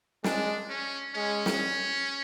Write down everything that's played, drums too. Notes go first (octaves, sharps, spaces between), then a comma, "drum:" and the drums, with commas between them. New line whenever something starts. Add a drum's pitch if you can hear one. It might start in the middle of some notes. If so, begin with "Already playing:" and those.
G#3 D4, drum: snare
C#4
G#3 C#4
drum: snare